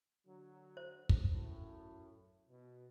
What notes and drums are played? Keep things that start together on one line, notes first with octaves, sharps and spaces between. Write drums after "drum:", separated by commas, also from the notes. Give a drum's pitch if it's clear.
D3 F#3
C5
drum: kick
F#2 A2
B2